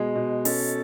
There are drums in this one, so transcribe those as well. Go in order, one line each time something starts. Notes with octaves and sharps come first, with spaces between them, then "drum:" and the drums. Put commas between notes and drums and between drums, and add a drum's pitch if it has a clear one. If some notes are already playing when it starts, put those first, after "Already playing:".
Already playing: B2 G#3 G#4
B2
C#4 A4, drum: open hi-hat